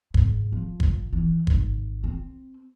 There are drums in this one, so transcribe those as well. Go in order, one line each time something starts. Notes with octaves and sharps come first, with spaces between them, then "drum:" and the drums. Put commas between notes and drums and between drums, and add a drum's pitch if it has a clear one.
G#2, drum: kick G1
F3
drum: kick G1
E3
G#1, drum: kick G1
C4